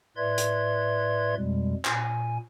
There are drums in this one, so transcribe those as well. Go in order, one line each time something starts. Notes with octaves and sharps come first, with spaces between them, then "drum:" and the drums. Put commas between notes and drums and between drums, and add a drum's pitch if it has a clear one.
A2 B4 D5 E5 C6 G#6
drum: hi-hat
F2 B2 G3 G#3
A#2 G#5, drum: clap